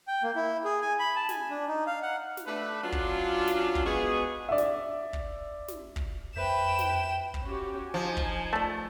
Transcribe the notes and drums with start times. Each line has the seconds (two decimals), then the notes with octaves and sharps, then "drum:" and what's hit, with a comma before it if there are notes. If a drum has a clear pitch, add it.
0.08 G5
0.23 A#3
0.36 E4
0.65 G#4
0.82 G#5
0.99 B5
1.16 A5
1.29 G#5, drum: snare
1.50 D4
1.67 D#4
1.87 F5
2.02 F#5
2.37 drum: snare
2.47 A3 D4 B4
2.83 F#3 C#4 D4 F4
2.92 drum: kick
3.48 drum: snare
3.75 drum: kick
3.86 G#3 B3 F#4 G#4
4.49 D5 E5
4.58 drum: snare
5.13 drum: kick
5.68 drum: snare
5.96 drum: kick
6.36 F2 B4 C5 E5 G5 E7
6.79 drum: snare
7.34 drum: kick
7.44 C#4 F#4 G4
7.94 F3 D#4 G#5
8.17 drum: kick
8.53 A3 D5 A5